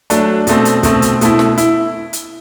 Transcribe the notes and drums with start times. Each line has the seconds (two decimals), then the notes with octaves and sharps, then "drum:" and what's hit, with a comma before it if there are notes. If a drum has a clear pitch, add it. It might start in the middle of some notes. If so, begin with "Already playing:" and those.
0.10 F#3 A3 D4, drum: hi-hat
0.47 B2 A3 C4, drum: hi-hat
0.65 drum: hi-hat
0.83 B2 A3 C4, drum: kick, hi-hat
1.02 drum: hi-hat
1.21 B2 A3 E4, drum: hi-hat
1.39 drum: snare
1.58 E4, drum: hi-hat
2.13 drum: hi-hat